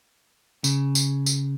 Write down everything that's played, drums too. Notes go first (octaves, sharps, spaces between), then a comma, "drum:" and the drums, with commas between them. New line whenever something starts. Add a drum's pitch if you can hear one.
C#3, drum: tambourine
drum: tambourine
drum: tambourine